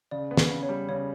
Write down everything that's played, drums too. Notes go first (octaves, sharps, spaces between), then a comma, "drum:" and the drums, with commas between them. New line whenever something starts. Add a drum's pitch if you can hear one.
C#3 D5
B3
B4, drum: snare
C#3
C#5
G3
C#3 C#5